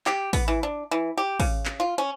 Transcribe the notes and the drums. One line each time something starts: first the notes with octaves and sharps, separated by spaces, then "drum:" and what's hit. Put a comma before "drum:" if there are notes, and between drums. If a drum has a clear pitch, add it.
G4, drum: clap
B3, drum: kick, open hi-hat
E3
D4
E3
G4
C#3, drum: kick, open hi-hat
drum: clap
F4
C#4